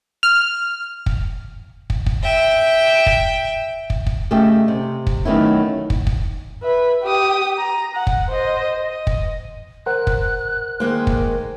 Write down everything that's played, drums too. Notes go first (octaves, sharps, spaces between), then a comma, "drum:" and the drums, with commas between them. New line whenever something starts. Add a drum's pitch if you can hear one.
F6
drum: kick
drum: kick
drum: kick
E5 G5
drum: kick
drum: kick
drum: kick
C#3 A3 G4 D#5 E5 G5
C3
drum: kick
D#3 F#3 A3 B3 C#4 E4
drum: kick
drum: kick
B4 E5
G4 D#6
A#5
F#5
drum: kick
C5 D#5
D#5
drum: kick
A#4 C5 F#5 F#6
drum: kick
D#3 G#3 A#3 C5
drum: kick